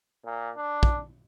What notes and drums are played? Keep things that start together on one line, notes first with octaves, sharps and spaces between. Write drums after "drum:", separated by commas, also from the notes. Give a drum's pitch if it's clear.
A#2
D4
drum: kick